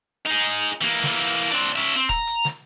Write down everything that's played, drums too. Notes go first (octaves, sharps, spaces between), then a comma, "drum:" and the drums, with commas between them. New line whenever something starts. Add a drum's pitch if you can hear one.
D#4 G#4
drum: hi-hat
drum: hi-hat
E3 A#3
drum: snare
drum: hi-hat
drum: hi-hat
C4 D4
C#4 E5, drum: open hi-hat
C4
A#5, drum: kick, hi-hat
drum: hi-hat
drum: snare